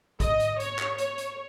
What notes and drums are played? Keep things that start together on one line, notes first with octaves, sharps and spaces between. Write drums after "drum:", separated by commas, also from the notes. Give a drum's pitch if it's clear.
D#5, drum: kick, hi-hat
drum: hi-hat
C#5, drum: hi-hat
drum: clap
C#5, drum: hi-hat
drum: hi-hat